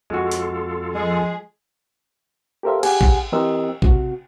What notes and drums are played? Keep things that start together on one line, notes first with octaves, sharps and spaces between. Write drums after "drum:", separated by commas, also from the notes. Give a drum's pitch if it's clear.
F2 G#3 F4 F#4 A4
drum: hi-hat
F3 G#3 G#4
G4 A4 A#4 C5 E5 F5
G4 G#4 F#5 G#5, drum: cymbal
drum: kick A1
E3 C4 G4 A#4 D#5 E6
C3 F#4, drum: kick A1